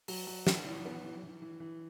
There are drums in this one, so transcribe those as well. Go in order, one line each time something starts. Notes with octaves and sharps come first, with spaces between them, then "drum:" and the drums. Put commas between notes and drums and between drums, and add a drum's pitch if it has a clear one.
F#3, drum: open hi-hat
F#3
D3, drum: snare
E3
B3
E3
E3
E3
E3